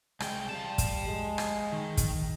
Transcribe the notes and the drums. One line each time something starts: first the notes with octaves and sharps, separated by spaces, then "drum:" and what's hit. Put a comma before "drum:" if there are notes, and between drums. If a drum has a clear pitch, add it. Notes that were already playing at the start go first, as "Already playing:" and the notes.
C2 G#3 G5, drum: rim click
G3 F5 A5
drum: kick, hi-hat
G#3
drum: rim click
D#3
drum: kick, hi-hat